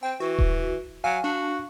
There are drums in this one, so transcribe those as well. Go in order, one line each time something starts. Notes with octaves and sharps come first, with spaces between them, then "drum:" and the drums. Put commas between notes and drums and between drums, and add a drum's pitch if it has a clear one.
C4 G5
E3 F#4
drum: kick D#1
F#3 F5 G#5
D4 F#4